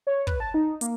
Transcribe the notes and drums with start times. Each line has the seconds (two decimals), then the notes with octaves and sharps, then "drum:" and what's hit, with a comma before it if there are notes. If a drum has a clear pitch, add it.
0.07 C#5
0.27 B4, drum: kick
0.40 A5
0.54 D#4
0.81 A#3, drum: hi-hat